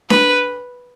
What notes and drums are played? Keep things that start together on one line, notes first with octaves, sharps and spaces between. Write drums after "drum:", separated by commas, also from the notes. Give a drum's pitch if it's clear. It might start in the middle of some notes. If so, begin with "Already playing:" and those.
B4, drum: snare D4